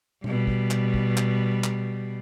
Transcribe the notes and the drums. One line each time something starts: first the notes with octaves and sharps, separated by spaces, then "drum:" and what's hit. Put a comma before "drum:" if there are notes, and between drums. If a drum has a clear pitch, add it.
B2 G3, drum: tom A#2
drum: kick
drum: clap
drum: kick
drum: clap
drum: clap